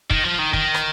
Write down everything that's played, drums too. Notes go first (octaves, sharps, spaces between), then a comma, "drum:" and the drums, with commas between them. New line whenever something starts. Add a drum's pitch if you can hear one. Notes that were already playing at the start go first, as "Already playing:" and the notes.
D#3, drum: kick
F3
D#3
D#3, drum: kick
drum: rim click